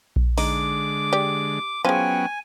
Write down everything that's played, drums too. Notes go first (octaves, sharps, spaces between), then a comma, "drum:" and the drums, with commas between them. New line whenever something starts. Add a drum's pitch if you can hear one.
drum: kick A#1
D3 G#3 D#4 D6, drum: open hi-hat
G4 D5
F3 F#3 G#3 B3 C#4 G5 G#5